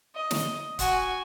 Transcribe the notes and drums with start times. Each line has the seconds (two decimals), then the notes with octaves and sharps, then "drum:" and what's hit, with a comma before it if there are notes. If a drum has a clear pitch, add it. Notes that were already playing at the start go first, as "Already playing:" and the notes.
0.15 D#5
0.31 drum: snare
0.79 F#4 G#5, drum: kick, hi-hat